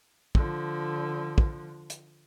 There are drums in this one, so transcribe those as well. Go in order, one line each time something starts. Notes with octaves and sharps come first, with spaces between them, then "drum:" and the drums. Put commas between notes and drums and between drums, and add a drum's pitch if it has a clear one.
D3 F3, drum: kick
drum: kick
drum: hi-hat